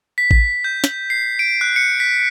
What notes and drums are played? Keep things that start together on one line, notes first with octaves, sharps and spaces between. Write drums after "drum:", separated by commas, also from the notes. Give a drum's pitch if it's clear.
B6
drum: kick A1
G6
drum: snare
C7
D7
F#6
C#7
B6